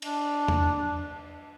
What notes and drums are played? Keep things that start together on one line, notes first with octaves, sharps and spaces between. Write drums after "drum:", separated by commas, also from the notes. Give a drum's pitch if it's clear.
D4, drum: cymbal
drum: tom E2